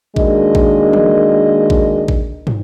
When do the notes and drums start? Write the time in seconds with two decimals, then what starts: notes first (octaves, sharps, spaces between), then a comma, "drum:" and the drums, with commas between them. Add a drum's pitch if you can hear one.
0.16 D#3 G#3 A#3 D4 F#4 D#5, drum: kick A1
0.55 drum: kick A1
0.93 drum: tom
1.70 drum: kick A1
2.08 drum: kick A1
2.47 drum: tom